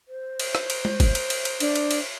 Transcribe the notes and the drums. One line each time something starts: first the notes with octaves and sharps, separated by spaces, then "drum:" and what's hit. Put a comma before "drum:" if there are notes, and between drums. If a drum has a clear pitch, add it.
C5
drum: cymbal
drum: rim click
drum: cymbal
drum: tom G#3
drum: kick G1, cymbal
drum: cymbal
drum: cymbal
drum: cymbal
D4, drum: cymbal
drum: cymbal
drum: cymbal